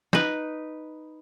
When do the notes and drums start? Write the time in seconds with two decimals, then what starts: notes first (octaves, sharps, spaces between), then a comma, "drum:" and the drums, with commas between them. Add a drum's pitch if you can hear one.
0.13 D#4 B4, drum: snare